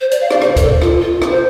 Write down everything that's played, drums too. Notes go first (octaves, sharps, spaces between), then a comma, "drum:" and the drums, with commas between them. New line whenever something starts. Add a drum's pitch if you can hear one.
C5
D5, drum: hi-hat
F5
D5, drum: rim click
C5, drum: rim click
A#4, drum: kick, hi-hat
A4
F4, drum: rim click
F4
drum: rim click
C5